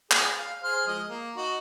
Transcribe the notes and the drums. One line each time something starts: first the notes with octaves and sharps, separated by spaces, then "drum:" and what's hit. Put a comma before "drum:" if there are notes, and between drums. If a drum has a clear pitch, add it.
G#4, drum: clap
F5
G#4 C5 F6
F3 G#3 D#5
A#3
D#4 F#4